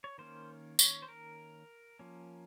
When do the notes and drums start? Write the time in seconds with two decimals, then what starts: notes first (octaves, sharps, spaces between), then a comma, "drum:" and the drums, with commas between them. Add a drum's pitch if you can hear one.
0.04 C#5
0.18 D#3 A#3 C#4 C5
0.79 C#5, drum: tambourine
1.02 C5
1.08 A#4
1.99 F3 A#3 C#4